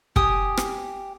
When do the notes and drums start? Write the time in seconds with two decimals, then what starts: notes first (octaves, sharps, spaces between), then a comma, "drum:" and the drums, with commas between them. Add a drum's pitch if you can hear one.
0.16 G4 G#5 D#6, drum: kick
0.57 drum: rim click